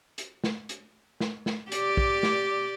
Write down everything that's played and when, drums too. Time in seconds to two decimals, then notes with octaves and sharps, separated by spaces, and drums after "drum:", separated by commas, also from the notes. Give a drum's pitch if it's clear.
0.18 drum: hi-hat
0.44 drum: snare
0.69 drum: hi-hat
1.20 drum: snare
1.46 drum: snare
1.72 G4 D5, drum: hi-hat
1.97 drum: kick
2.23 drum: snare